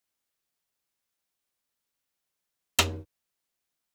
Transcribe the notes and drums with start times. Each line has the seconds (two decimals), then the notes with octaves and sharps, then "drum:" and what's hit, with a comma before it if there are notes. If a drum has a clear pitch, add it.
0.16 E3
1.37 F4
1.87 C#3
2.79 drum: rim click
3.24 F#4 C5 D5 C6 D#6 E6
3.41 G3 G#3 A#3 B3 F4 G4
3.78 G6 C#7